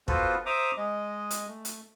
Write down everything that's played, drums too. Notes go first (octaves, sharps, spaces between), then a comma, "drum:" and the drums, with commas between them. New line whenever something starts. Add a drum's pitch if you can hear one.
B3 F4 F#4 A4 B4 C5, drum: kick
C5 E5 A#5 D6 D#6
G#3 D#5
drum: hi-hat
A3
drum: hi-hat